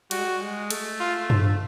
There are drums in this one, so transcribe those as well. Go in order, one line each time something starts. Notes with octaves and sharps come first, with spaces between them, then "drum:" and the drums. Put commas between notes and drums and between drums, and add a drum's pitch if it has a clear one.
G3 F#4, drum: cymbal
G#3
G3
G#3
A3, drum: cymbal
F4
drum: tom G2